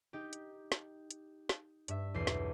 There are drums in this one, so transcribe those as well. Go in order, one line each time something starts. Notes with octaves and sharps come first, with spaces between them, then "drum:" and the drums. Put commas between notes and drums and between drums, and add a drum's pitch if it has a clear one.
D#4 G4
drum: hi-hat
drum: snare
drum: hi-hat
drum: snare
G2 E5, drum: hi-hat
B1 E2 C7
drum: snare